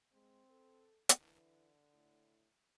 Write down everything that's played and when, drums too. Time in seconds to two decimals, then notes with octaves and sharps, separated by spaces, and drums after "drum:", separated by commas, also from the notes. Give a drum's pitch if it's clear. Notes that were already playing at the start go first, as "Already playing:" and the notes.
0.13 G#3 C4
0.50 A4
1.09 drum: hi-hat
1.21 D3 E3
1.93 A2